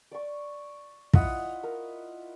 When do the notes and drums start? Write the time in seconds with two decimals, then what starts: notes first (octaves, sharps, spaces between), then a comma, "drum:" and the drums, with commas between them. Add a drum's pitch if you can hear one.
0.11 D5 C#6
1.13 E4 F4 D#5 F#5, drum: kick
1.63 A#4